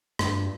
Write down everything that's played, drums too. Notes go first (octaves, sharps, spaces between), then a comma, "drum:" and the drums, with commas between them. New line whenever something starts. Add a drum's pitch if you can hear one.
G2, drum: rim click